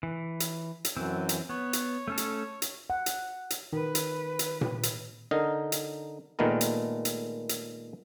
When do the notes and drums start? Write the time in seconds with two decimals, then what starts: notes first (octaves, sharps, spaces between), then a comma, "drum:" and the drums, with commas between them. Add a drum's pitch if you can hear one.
0.03 E3
0.40 drum: hi-hat
0.85 drum: hi-hat
0.97 F#2 E3 C4
1.29 drum: hi-hat
1.49 B3 C#5
1.73 drum: hi-hat
2.08 A3 C#4 A4
2.18 drum: hi-hat
2.62 drum: hi-hat
2.90 F#5
3.06 drum: hi-hat
3.50 drum: hi-hat
3.73 D#3 B4
3.95 drum: hi-hat
4.39 drum: hi-hat
4.61 drum: tom A#2
4.83 drum: hi-hat
5.31 D3 D#4 A#4
5.72 drum: hi-hat
6.39 A#2 D#3 G#3 A3 B3 A#4
6.61 drum: hi-hat
7.05 drum: hi-hat
7.49 drum: hi-hat